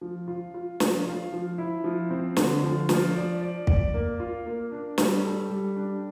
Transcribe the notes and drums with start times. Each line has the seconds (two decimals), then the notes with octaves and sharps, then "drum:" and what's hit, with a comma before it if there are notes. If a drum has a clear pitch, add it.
0.01 F3
0.27 F4
0.54 F4
0.80 F3, drum: snare
1.06 F4
1.32 F3
1.58 E4
1.84 F3
2.10 C4
2.36 D3, drum: snare
2.63 F3
2.89 F3, drum: snare
3.15 D5
3.41 D5
3.67 D5, drum: kick
3.94 A#3
4.20 F4
4.46 A#3
4.71 D4
4.98 G3, drum: snare
5.24 A4
5.50 G3
5.76 D4